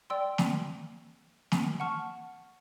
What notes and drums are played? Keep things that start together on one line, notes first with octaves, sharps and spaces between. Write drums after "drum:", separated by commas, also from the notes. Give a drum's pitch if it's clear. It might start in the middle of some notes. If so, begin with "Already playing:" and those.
D5 G5 C6 E6
drum: snare
drum: snare
F#5 A5 C#6 F6